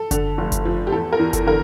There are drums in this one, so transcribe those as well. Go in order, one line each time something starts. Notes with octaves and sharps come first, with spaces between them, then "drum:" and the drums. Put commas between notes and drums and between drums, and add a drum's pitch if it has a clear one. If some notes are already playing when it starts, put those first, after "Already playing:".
Already playing: A4
D3, drum: kick F#1, hi-hat
F1
drum: kick F#1, hi-hat
F3
G4
E2 A4
A#4
E2
A4, drum: kick F#1, hi-hat
D3 A#4